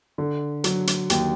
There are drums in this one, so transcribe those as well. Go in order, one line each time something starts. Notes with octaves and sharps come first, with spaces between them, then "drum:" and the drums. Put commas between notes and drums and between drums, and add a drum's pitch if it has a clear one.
D3
F#3, drum: hi-hat
drum: hi-hat
D#2, drum: hi-hat